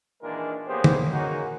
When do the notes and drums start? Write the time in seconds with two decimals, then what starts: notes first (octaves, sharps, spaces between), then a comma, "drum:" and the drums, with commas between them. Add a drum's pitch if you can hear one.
0.23 A#2 D#3 E3 G#3 D4 A#4
0.68 A#3 B3 C#4 G4 G#4 C5
0.84 drum: tom D3
1.13 G#3 A#3 C#4 D#4 F#4